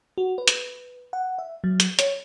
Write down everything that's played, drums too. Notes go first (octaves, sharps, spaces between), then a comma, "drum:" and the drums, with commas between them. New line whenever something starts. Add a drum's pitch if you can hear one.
F#4
B4
drum: hi-hat
F#5
E5
F#3
drum: hi-hat
C#5, drum: hi-hat